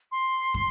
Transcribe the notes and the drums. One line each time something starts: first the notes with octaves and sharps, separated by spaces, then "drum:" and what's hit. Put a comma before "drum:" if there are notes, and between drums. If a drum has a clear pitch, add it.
C6
drum: kick